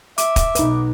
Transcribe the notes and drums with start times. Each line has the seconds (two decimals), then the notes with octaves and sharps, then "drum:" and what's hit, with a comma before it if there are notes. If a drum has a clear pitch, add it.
0.18 E5 D6, drum: hi-hat
0.36 drum: kick, hi-hat
0.55 B1 D#4 B4, drum: hi-hat